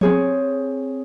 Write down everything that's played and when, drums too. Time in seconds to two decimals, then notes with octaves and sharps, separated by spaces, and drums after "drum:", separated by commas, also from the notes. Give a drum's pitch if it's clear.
0.01 C4 G#4 C#5, drum: tom F3